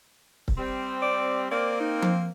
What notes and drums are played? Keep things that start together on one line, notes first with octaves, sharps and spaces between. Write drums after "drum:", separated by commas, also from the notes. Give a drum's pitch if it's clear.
drum: kick C#1
G3 C4
D5
A#3 C4 D5
D#4
drum: tom F3